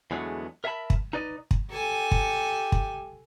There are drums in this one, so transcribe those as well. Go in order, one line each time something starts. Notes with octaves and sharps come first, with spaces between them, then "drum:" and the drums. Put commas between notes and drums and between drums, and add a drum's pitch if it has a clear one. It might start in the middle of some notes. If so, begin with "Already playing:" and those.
E2 D3 F#3 G#3 A3 B3
A#4 E5 F5 G#5 A5 B5
drum: kick
D#4 B4 D5 D#5
drum: kick
G4 A4 G#5
drum: kick
drum: kick